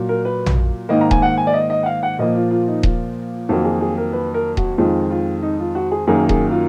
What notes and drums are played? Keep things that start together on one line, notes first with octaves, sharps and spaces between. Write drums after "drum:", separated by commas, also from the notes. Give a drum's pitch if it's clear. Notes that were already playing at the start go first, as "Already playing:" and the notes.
Already playing: A#2 F#3 A#3
A#4
B4
drum: tom A#1
G#2 D#3 A#3 D#5
A#5
G#5, drum: kick D#1
F#5
G#5
D5
D#5
D#5
F#5
F5
F#5
A#2 F3 A#3 D#5
F4
F4
D#4
F4, drum: kick D#1
F2 D#3 F#3 A#3 F#4
G#4
G#4
A#4
B4
A#4
F#4, drum: kick D#1
F2 D#3 G#3 F4
F4
D#4
F4
F#4
G#4
F#2 D#3 F#3 A#3 G#4
G#4, drum: kick D#1
F4